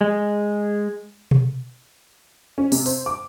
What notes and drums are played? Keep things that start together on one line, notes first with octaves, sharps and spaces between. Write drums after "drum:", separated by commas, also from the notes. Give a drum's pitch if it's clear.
G#3
drum: tom B2
C#4
C3, drum: open hi-hat
C5, drum: open hi-hat
D6